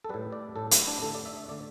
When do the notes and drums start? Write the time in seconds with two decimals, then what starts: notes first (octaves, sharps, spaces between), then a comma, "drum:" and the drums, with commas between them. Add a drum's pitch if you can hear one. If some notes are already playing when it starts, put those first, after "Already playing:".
0.04 A4
0.09 A2 G3 B4
0.32 D5
0.56 A2 G3 A4
0.71 E4, drum: hi-hat
0.81 E4
0.87 D4
1.02 D3 A3 A4
1.15 D5
1.26 E5
1.37 E5
1.48 D3 A3 D5